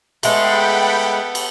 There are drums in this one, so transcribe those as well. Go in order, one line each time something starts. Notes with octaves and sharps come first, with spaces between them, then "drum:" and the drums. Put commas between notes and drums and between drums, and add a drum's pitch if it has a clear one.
G#3 A3 B3 A4 F#5 G5 B5, drum: cymbal
drum: cymbal